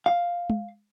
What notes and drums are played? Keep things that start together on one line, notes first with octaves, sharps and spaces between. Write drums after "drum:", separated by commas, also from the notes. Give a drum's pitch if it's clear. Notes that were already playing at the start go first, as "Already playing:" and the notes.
F5
drum: tom G#3